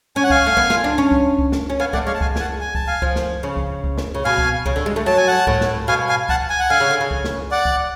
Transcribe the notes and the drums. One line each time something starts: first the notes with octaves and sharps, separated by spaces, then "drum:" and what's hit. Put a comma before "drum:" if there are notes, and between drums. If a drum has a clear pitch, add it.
C#4 G#5
F#5
F5 G#5, drum: kick C#2
A3
B3, drum: kick C#2
F4, drum: snare
D4
C#4
drum: kick C#2
drum: kick C#2
drum: snare
C#4
B3 F5 G#5
A3 D5 F#5, drum: kick C#2
G#3 C#5 F5
A5
F5 G#5, drum: kick C#2
G#5, drum: snare
F#5 A5
G#5
A5, drum: kick C#2
F5 G#5
F3, drum: kick C#2
drum: snare
C#3
drum: kick C#2
drum: kick C#2
drum: snare
C#3
B2 F5 G#5
drum: kick C#2
C#3, drum: kick C#2
D3
G#3
A3
F#3 A5
G#5
F#5 A5
A2, drum: kick C#2
drum: snare
B2 F5 G#5
F5 G#5
F#5 A5, drum: kick C#2
G#5
F#5
D3 F5 G#5
C#3
D3
C#3
drum: kick C#2
drum: snare
D5 F#5
drum: kick C#2